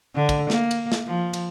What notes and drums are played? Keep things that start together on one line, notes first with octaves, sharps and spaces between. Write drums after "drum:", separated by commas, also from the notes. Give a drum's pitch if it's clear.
D3
drum: kick, cymbal
A#3, drum: snare
drum: cymbal
drum: snare
F3
drum: cymbal